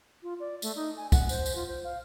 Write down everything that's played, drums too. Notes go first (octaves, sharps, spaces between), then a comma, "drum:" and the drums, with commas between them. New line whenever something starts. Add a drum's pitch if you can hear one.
F4
D5
A3, drum: tambourine
D#4
G#5
F#5, drum: kick, tambourine
C5, drum: tambourine
drum: tambourine
F4
C5
F5